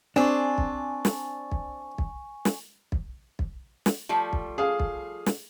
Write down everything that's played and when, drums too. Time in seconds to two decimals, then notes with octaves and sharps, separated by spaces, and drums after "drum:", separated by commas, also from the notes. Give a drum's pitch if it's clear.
0.16 C4 D4 G#4 D5 G#5 C#6
0.58 drum: kick
1.05 drum: snare
1.52 drum: kick
1.98 drum: kick
2.45 drum: snare
2.92 drum: kick
3.39 drum: kick
3.86 drum: snare
4.09 F3 G3 A3
4.33 drum: kick
4.58 G#4 F5
4.80 drum: kick
5.26 drum: snare